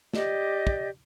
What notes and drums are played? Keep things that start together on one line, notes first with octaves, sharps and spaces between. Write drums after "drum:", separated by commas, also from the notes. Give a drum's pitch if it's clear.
G4 D5 D#5, drum: snare
drum: kick